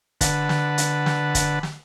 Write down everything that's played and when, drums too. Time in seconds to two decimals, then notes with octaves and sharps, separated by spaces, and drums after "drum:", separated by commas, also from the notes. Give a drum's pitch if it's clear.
0.21 D3 B4 F#5 A5, drum: kick, hi-hat
0.49 drum: snare
0.78 drum: hi-hat
1.06 drum: snare
1.35 drum: kick, hi-hat
1.63 drum: snare